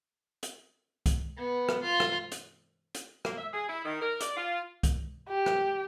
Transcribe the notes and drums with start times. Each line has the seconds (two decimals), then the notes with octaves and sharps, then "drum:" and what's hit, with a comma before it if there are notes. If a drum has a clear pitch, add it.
0.43 drum: hi-hat
1.06 drum: kick C2, hi-hat
1.37 B3
1.69 drum: rim click
1.83 F4
2.00 drum: rim click
2.32 drum: hi-hat
2.95 drum: hi-hat
3.25 A#3, drum: rim click
3.37 E5
3.53 G#4
3.69 E4
3.85 D#3
4.01 A#4
4.20 D5, drum: hi-hat
4.36 F4
4.83 drum: kick C2, hi-hat
5.28 G4
5.46 drum: rim click